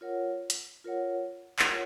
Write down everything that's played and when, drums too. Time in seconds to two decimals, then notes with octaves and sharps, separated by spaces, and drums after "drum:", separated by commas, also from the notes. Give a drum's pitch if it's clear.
0.01 F4 A#4 C#5 F#5
0.50 drum: hi-hat
0.84 F4 A#4 C#5 F#5
1.59 drum: clap
1.69 F4 A#4 C#5 F#5